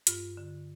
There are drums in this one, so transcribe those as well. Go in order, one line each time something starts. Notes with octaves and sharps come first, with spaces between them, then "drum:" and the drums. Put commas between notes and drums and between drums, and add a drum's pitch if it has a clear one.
G2 F4, drum: hi-hat
D3